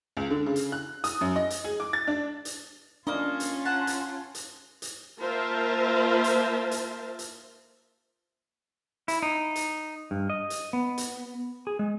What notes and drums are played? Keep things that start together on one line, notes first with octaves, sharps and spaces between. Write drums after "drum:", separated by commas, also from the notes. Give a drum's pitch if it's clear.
C#2
D3
C#3
drum: hi-hat
F#6
D#6, drum: hi-hat
F#2
D#5
drum: hi-hat
G#4
D6
A6
D4
drum: hi-hat
A#3 C#4 D4 F4 D#5
drum: hi-hat
F#5 A5 A#5
drum: hi-hat
drum: hi-hat
drum: hi-hat
A#3 F4 A#4 C5 E5 A5
drum: hi-hat
drum: hi-hat
drum: hi-hat
E4, drum: hi-hat
D#4
drum: hi-hat
G2
D#5
drum: hi-hat
B3
drum: hi-hat
G#4
G#3